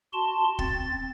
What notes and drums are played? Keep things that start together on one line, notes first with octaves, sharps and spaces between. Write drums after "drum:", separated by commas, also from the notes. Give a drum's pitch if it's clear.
F#4 A5 C6
C4 A6, drum: kick